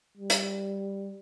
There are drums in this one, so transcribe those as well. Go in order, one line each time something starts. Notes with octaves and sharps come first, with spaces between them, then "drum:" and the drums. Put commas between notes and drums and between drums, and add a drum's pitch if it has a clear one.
G3
drum: hi-hat